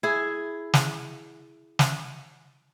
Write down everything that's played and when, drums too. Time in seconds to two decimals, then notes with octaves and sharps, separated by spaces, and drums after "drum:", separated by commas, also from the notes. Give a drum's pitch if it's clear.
0.03 E4 G#4
0.74 drum: snare
1.79 drum: snare